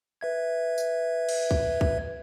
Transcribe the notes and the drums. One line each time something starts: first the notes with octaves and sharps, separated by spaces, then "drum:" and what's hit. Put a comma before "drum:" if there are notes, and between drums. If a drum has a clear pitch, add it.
B4 E5 G#6
drum: tambourine
drum: cymbal
drum: kick
drum: kick